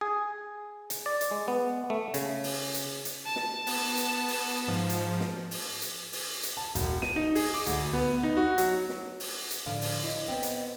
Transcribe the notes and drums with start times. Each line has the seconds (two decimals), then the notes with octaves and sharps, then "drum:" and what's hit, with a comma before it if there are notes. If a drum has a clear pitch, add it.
0.01 G#4
0.90 drum: hi-hat
1.06 D5
1.21 drum: hi-hat
1.31 G#3
1.48 B3
1.90 A3
2.14 C#3, drum: hi-hat
2.44 drum: open hi-hat
2.74 drum: hi-hat
3.05 drum: hi-hat
3.25 A5
3.36 drum: snare
3.67 B3, drum: open hi-hat
3.97 drum: hi-hat
4.28 drum: open hi-hat
4.68 G#2 F3
4.90 drum: hi-hat
5.20 drum: snare
5.51 drum: open hi-hat
5.82 drum: hi-hat
6.12 drum: open hi-hat
6.43 drum: hi-hat
6.57 A5
6.75 E1, drum: hi-hat
7.02 D#7, drum: snare
7.16 D#4
7.35 G#4, drum: open hi-hat
7.54 D6
7.66 D2, drum: hi-hat
7.93 B3
8.23 D#4
8.37 F#4
8.58 F#3, drum: hi-hat
8.89 drum: snare
9.20 drum: open hi-hat
9.51 drum: hi-hat
9.66 A2 D3 F3 D4 F5
9.81 drum: open hi-hat
10.04 E4 C#5 D#5
10.28 B3 C4 G5
10.43 drum: hi-hat